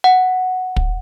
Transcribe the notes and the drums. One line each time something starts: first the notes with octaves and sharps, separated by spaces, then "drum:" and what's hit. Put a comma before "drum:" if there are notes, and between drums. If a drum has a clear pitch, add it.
F#5
drum: kick